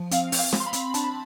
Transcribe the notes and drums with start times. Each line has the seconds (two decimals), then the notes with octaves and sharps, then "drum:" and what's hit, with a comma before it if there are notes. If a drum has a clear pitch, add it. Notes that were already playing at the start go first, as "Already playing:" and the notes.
Already playing: F3
0.11 C4 F5, drum: hi-hat
0.32 C4, drum: open hi-hat
0.39 F5
0.53 C4, drum: snare
0.60 C6
0.66 B5
0.73 C4, drum: hi-hat
0.94 D4 A5, drum: hi-hat
1.04 B5